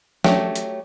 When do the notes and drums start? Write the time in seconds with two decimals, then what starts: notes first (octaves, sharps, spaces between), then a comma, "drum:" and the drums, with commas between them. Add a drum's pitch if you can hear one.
0.24 F#3 A3 G4, drum: snare
0.56 drum: hi-hat